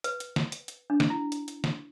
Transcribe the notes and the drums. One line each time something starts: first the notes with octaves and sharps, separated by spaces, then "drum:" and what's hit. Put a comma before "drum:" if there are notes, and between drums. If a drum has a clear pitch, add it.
B4, drum: hi-hat
drum: hi-hat
drum: snare
drum: hi-hat
drum: hi-hat
D4
drum: snare
E4
drum: hi-hat
drum: hi-hat
drum: snare